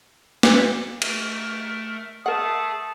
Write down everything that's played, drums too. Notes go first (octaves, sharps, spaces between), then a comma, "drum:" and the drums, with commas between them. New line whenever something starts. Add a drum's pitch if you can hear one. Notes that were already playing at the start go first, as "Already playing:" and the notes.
drum: snare
A3 A#4, drum: cymbal
A3 G#4 A#4 F#5 A5 D#6